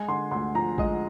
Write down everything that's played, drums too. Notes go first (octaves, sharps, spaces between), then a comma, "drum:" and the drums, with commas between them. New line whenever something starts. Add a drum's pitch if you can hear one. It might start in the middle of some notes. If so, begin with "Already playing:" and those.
Already playing: G#3 G#5
D3 C6
D2 C6
F3 A#5
G#3 D#5, drum: kick A1